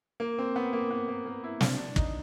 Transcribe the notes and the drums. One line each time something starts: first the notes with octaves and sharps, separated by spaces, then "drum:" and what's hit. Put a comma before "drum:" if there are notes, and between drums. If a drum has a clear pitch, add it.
A#3
C4
B3
A#3
B3
A#3
A#3
E4
D4, drum: snare
D4
D#4, drum: kick